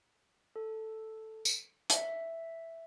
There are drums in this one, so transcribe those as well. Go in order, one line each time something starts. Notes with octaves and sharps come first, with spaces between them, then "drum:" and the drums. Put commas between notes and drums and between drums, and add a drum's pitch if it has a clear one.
A4
drum: tambourine
E5, drum: hi-hat